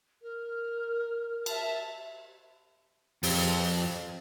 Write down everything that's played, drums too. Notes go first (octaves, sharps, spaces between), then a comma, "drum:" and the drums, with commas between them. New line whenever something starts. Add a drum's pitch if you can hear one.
A#4
E5 A5, drum: cymbal
F2, drum: open hi-hat